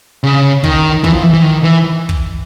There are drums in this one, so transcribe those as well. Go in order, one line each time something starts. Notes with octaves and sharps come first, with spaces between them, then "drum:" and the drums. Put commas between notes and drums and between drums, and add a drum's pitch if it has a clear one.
C#3
D#3, drum: kick
E3, drum: kick
F3
E3
E3
D#3
E3
drum: kick